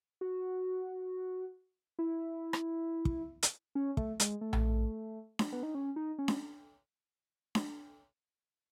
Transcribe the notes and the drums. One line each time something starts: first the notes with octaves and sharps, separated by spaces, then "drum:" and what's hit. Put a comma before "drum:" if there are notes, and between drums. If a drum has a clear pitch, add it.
F#4
E4
drum: rim click
drum: kick
drum: hi-hat
C#4
A3, drum: kick
G#3, drum: hi-hat
A3
drum: tom A#1
drum: snare D4
B3
D#4
C#4
D#4
C#4
drum: snare D4
drum: snare D4